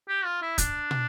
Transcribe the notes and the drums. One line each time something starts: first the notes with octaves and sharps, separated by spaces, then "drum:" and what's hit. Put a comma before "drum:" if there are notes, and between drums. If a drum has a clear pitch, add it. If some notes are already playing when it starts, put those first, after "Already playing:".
G4
F4
E4
D4, drum: kick, hi-hat
drum: tom